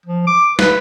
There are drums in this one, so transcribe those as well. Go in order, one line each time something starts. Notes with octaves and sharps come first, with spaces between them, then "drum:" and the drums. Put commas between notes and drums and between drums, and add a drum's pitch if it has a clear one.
F3
D6
B4, drum: snare